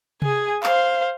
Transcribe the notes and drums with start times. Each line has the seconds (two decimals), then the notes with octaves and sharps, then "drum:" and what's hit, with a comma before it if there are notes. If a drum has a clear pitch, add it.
0.22 G#4 G#5, drum: tom C3
0.63 C5 F5, drum: clap